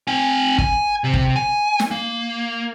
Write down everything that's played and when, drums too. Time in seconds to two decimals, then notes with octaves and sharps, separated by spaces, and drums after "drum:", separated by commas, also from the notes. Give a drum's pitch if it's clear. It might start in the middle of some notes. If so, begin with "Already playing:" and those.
0.07 C4 G#5
0.58 G#5, drum: kick
1.04 C3
1.14 drum: kick
1.36 G#5
1.80 drum: snare
1.91 A#3